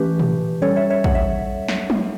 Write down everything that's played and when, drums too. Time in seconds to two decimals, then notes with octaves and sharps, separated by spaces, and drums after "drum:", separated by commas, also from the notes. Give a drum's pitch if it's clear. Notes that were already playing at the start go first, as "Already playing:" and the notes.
Already playing: E3 A3 C#4 G4 B4
0.19 drum: tom
0.62 G3 C#4 A4 C#5
0.76 C#5 E5
0.90 C#5 E5
1.04 F#5, drum: kick
1.15 E5
1.68 drum: snare
1.90 drum: tom